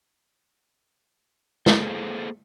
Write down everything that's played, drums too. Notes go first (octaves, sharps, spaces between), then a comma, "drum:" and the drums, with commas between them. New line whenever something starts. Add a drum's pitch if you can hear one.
A#3 G#4 A4 C5, drum: snare